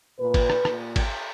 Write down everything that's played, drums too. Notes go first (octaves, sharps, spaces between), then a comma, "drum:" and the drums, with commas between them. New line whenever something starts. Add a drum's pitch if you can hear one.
A#2 B4
drum: kick G#1, cymbal
drum: rim click
A#2, drum: rim click
drum: kick G#1, cymbal